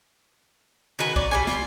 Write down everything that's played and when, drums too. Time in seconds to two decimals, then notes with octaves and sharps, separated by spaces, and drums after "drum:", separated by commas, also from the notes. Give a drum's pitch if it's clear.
0.99 D#3 F#4 B4 G#5
1.16 C#5 D5, drum: kick
1.31 G3 A#3 G#5
1.47 F4, drum: snare